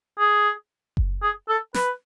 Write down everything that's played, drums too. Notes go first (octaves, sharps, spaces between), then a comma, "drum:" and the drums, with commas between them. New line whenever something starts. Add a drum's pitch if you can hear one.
G#4
drum: kick F#1
G#4
A4
B4, drum: snare